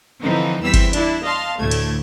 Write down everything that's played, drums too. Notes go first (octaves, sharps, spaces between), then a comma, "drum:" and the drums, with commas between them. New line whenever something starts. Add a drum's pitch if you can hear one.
D3 E3 F3 C4 D#4
E2 E3 G3 C4 E6 B6
drum: kick G1, cymbal
D4 E4, drum: cymbal
D#5 F5 A5 C6
D2 A2 A3 G#6
drum: cymbal